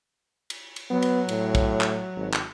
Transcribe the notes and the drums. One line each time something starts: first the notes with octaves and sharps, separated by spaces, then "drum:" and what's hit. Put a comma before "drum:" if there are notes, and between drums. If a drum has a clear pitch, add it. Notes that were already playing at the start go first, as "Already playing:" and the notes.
drum: cymbal
drum: cymbal
F#3 B3
drum: cymbal
A2, drum: cymbal
drum: kick, cymbal
drum: clap
G#1
drum: clap